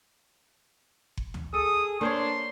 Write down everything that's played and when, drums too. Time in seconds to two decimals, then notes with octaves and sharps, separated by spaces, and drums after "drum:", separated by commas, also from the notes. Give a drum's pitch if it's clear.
1.17 drum: kick F#1
1.34 drum: tom D2
1.54 G#4 A4 D#6
2.01 A#3 D4 C5 C#5 C6